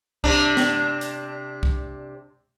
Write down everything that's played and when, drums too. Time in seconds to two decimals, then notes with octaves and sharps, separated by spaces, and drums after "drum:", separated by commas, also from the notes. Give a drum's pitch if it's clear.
0.24 C3 D4, drum: kick
0.57 drum: snare
1.01 drum: hi-hat
1.63 drum: kick